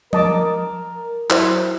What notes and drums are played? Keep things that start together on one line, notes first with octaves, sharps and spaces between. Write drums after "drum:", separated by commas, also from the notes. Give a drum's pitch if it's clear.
A#4 D#5 A5 D6, drum: tom F3
F#3 E4 C5 E5, drum: clap